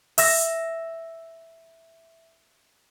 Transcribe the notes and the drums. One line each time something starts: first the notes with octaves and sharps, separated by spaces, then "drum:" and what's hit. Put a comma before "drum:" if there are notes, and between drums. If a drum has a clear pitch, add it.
E5 E6 A#6, drum: open hi-hat